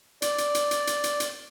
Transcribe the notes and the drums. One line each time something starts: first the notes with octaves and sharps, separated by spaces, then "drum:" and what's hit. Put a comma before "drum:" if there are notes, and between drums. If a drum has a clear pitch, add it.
D5, drum: hi-hat
drum: hi-hat
drum: hi-hat
drum: hi-hat
drum: hi-hat
drum: hi-hat
drum: hi-hat